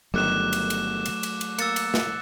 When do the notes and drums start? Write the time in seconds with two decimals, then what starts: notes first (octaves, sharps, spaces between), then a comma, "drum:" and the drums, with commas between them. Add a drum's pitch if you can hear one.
0.14 G1 D#3 F#3 A3 D6 F#6 E7
0.53 drum: cymbal
0.70 drum: cymbal
1.06 drum: cymbal
1.23 drum: cymbal
1.41 drum: cymbal
1.58 A#3 A#4 E6 A6 C#7, drum: cymbal
1.76 drum: cymbal
1.94 drum: snare